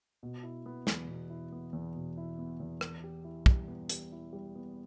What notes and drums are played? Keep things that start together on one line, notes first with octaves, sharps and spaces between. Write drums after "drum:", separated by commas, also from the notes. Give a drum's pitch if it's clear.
B2
E4
B3
E2, drum: snare
B2
E4
B3
E2
B2
E4
B3
E2
B3, drum: rim click
G4
E4
G3, drum: kick
B3
G4, drum: hi-hat
E4
G3
B3